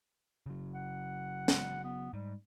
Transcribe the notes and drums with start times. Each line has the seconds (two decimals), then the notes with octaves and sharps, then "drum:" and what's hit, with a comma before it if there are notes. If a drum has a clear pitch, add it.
0.46 C#3 F#3
0.74 F#5
1.48 drum: snare
1.84 B3
2.13 G#2 G3